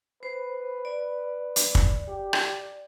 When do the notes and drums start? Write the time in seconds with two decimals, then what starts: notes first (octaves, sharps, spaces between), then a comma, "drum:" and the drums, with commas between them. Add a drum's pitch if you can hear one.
0.23 B4 C5
0.85 D5
1.56 drum: hi-hat
1.75 drum: kick
2.08 G4
2.33 drum: rim click